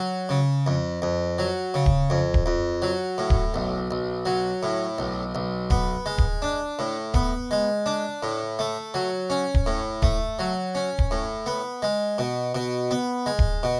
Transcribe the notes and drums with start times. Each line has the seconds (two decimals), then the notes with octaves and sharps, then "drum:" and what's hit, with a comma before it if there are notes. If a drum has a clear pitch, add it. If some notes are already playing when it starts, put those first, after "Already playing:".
Already playing: F#3
0.29 C#3
0.66 F2
1.02 F2
1.38 F#3
1.74 C#3
1.86 drum: kick D1
2.10 F2
2.34 drum: kick D1
2.46 F2
2.82 F#3
3.18 A2
3.30 drum: kick D1
3.54 B1
3.91 B1
4.26 F#3
4.63 A2
4.98 B1
5.35 B1
5.70 B3, drum: kick D1
6.06 G#3
6.18 drum: kick D1
6.42 D4
6.79 A2
7.14 B3, drum: kick D1
7.51 G#3
7.86 D4
8.23 A2
8.59 A3
8.94 F#3
9.30 C#4
9.54 drum: kick D1
9.66 A2
10.02 A3, drum: kick D1
10.39 F#3
10.75 C#4
10.99 drum: kick D1
11.11 A2
11.46 B3
11.82 G#3
12.18 B2
12.55 B2
12.91 B3
13.26 G#3
13.39 drum: kick D1
13.63 B2